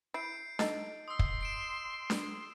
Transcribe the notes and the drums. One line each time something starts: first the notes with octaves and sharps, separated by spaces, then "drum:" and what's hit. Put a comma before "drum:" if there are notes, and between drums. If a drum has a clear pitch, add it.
E4 G6 C7 D7
D#4 A4 D#5, drum: snare D4
C6 D#6 E6
drum: kick
C7 D7 E7
drum: snare D4